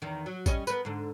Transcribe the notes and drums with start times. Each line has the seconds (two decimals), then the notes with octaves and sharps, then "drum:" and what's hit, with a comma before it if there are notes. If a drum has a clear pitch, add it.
0.02 E2 D#3
0.26 F#3
0.46 G3 C#4 D#5, drum: kick A1, tambourine
0.67 B3 A#4 B4, drum: tambourine
0.85 G#2 D3